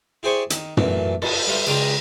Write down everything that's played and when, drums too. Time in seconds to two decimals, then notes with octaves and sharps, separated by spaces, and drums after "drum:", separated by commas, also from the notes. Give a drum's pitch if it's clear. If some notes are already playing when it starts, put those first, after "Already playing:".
0.23 E4 G4 G#4 C5 D5 C#6
0.50 D#3, drum: hi-hat
0.77 F#2 A#2 E3 A3, drum: tom
1.22 A4, drum: cymbal
1.47 G3 A4 B4 E5 F5 C6
1.66 C#2 C#3 D4 G5 A#5 C6, drum: cymbal